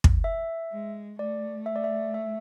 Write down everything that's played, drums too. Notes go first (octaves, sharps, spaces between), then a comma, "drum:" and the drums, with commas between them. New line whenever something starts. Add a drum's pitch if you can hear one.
drum: kick
E5
G#3
A3 D5
E5
D5
E5
E5